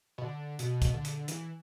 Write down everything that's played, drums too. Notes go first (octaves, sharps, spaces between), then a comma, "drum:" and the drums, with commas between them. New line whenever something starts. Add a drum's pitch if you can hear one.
B2
D3
B2, drum: hi-hat
drum: kick, hi-hat
D3
drum: hi-hat
E3, drum: hi-hat